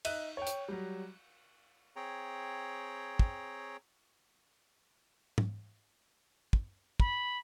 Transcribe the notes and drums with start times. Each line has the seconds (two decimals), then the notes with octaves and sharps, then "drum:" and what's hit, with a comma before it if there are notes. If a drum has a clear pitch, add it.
0.05 D#4 E5 F#6 D#7, drum: cymbal
0.37 C#5 G5
0.47 drum: hi-hat
0.68 F#3 G3
1.96 C4 G#4 C#5 G5 A#5
3.19 drum: kick
5.38 drum: tom G#2
6.53 drum: kick
7.00 B5, drum: kick